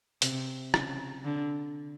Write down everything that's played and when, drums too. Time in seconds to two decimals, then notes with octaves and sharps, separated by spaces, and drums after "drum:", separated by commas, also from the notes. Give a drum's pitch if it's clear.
0.22 C3, drum: hi-hat
0.74 C#3, drum: rim click
1.24 D3